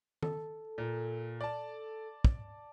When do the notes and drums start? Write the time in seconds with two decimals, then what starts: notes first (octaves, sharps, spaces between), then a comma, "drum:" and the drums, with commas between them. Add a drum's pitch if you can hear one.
0.23 A4, drum: tom D#3
0.78 A#2
1.41 D5 A5
2.25 drum: kick